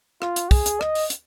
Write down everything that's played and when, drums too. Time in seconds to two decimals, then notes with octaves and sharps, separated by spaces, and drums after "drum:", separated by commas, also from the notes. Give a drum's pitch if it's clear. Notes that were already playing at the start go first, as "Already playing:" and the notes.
0.22 F4, drum: rim click
0.36 drum: hi-hat
0.51 G#4, drum: kick, open hi-hat
0.66 drum: hi-hat
0.81 D#5, drum: rim click
0.95 drum: open hi-hat
1.10 drum: hi-hat